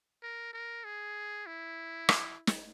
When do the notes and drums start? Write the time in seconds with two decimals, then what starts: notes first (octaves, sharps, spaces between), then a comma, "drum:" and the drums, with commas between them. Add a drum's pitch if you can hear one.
0.23 A#4
0.53 A#4
0.84 G#4
1.46 E4
2.09 drum: rim click
2.47 drum: snare